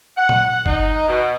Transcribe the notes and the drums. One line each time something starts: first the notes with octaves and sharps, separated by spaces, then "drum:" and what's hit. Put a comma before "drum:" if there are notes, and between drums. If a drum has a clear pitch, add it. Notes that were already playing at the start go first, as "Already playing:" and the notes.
F#5
drum: tom A#2
D#4, drum: kick F#1
B2